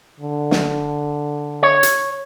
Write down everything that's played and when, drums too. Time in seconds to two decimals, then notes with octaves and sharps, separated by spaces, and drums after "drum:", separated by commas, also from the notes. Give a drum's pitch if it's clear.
0.20 D3
0.51 drum: snare
1.63 C#5
1.83 drum: hi-hat